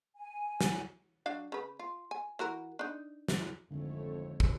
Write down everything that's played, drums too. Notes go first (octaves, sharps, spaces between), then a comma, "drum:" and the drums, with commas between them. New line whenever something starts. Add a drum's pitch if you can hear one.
G#5
drum: snare
F#3 D4 F5
C#3 B4
F4
G#5
E3 F#4 A#4
D4 D#4
drum: snare
G#1 F2 D3 A3 C#5
drum: kick